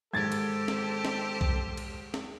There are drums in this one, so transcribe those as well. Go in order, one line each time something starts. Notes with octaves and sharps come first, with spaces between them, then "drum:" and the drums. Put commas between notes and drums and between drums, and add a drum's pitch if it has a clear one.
G#2 D#3 G4 A4 C5 G#6 A6
drum: cymbal
drum: snare
drum: snare
drum: kick B1
drum: cymbal
drum: snare